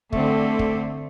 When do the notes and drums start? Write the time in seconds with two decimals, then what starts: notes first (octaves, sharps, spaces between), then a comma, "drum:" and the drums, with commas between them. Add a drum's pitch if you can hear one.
0.13 D3 A3 C4, drum: kick
0.59 drum: kick